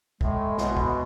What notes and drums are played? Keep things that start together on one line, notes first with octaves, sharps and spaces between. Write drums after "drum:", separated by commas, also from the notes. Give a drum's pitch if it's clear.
A2 G#3, drum: kick
B2, drum: snare
drum: kick